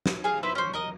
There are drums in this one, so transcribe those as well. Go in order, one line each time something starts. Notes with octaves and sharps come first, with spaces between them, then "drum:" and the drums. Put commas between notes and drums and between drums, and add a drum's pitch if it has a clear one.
drum: snare
G#4 F5
E4 B4 C5 E5
C#4 C5
A#4 D#5 D#6